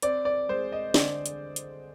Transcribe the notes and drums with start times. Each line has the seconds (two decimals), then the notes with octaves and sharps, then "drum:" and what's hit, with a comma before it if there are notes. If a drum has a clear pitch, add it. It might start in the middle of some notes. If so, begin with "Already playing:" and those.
0.02 C4 D5, drum: hi-hat
0.25 D5
0.49 G#3 C5
0.72 D#5
0.94 D3 D5, drum: snare
1.26 drum: hi-hat
1.56 drum: hi-hat